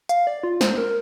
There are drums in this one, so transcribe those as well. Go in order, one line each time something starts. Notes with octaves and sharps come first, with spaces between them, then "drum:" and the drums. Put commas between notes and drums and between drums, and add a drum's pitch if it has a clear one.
F5, drum: hi-hat
D5
F4
C5, drum: snare
A#4